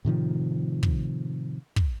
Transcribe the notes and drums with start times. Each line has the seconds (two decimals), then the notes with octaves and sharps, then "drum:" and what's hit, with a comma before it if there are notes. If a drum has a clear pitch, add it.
0.05 A2 C3 D#3 F3
0.83 drum: kick
1.76 drum: kick